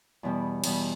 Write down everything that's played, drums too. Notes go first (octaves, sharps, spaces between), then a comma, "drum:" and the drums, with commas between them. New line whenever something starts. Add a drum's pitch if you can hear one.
E2 B2 G3
E2 B2 G3, drum: cymbal